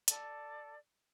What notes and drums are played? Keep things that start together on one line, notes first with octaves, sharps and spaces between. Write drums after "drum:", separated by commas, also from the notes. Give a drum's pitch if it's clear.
A4 D5, drum: hi-hat